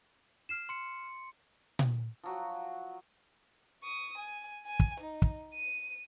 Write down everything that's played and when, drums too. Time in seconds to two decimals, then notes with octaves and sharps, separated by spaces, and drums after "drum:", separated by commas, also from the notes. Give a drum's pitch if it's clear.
0.49 F6 C7 E7
0.69 C6 C#7
1.79 drum: tom A#2
2.23 F3 F#3 F#4
3.83 C#6 D#6
4.18 G#5
4.66 G#5
4.80 drum: kick
5.00 D#4
5.22 drum: kick
5.54 D#7